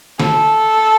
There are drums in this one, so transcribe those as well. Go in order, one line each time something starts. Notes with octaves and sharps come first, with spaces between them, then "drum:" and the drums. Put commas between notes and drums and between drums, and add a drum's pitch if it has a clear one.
A4, drum: snare